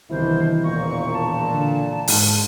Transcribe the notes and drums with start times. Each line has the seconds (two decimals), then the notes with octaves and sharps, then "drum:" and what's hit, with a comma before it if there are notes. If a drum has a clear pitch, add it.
0.11 C2 G2 B2 D#3 E3 E4 C5
0.64 E1 A#2 C#6 A#6
1.13 A5
1.54 D3
2.08 G#2 F#4, drum: open hi-hat